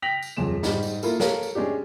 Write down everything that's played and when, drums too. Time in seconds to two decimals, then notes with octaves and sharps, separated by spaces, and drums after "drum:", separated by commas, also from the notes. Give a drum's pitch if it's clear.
0.02 G5 A#6 B6 F7 F#7
0.22 drum: tambourine
0.37 D#1 F2 A#2 G#3 E7
0.63 G#2 G3 D#4, drum: snare
0.83 drum: tambourine
1.03 A#3 E4 F4 A4 A#4, drum: tambourine
1.20 A4 A#4 C#5 F5, drum: snare
1.43 drum: tambourine
1.55 G#3 C#4 D4 G4